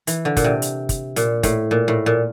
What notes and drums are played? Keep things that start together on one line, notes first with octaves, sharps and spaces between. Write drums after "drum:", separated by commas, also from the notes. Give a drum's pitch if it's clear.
E3, drum: hi-hat
D3
A#2, drum: kick, hi-hat
C3
drum: hi-hat
drum: kick, hi-hat
A#2, drum: hi-hat
A2, drum: kick, hi-hat
A#2
A2
A#2